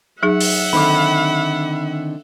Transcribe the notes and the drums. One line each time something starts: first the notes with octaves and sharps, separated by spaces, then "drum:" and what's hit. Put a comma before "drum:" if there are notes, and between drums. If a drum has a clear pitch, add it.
F#3 D#4 G#4 E5 F#5
drum: open hi-hat
D3 D#3 C4 B5 D6